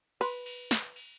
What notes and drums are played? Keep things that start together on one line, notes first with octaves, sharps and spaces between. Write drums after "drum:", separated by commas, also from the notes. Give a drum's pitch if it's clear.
B4, drum: cymbal
drum: cymbal
drum: snare
drum: cymbal